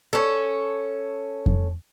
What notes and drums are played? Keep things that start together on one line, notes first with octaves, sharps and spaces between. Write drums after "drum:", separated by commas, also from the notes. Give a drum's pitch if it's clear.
C#4 A4
drum: kick F2